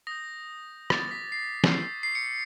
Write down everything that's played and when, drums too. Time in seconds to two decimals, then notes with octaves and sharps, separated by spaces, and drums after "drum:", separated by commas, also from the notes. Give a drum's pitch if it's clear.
0.07 D#6 G6 A#6
0.90 D6 F6 A6, drum: rim click
1.11 B6
1.32 C7
1.64 drum: snare
1.74 C#6 E6 G6
2.03 C7
2.15 C#7